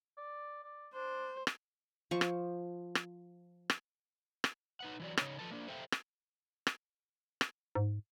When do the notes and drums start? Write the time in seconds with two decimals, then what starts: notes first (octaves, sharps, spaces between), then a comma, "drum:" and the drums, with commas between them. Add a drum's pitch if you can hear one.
0.18 D5
0.64 D5
0.94 D4 C5
1.47 drum: rim click
2.11 F3 C5 C#6
2.21 drum: rim click
2.95 drum: rim click
3.70 drum: rim click
4.44 drum: rim click
4.80 D#4 B4 F#5
5.00 E3 F#3 D5
5.17 C#3 D#4 C#5, drum: rim click
5.39 D#3 F3 A4 B4 A5
5.51 A#3 D4
5.68 A4 C5 E5 F5 G5
5.92 drum: rim click
6.67 drum: rim click
7.41 drum: rim click
7.75 G#2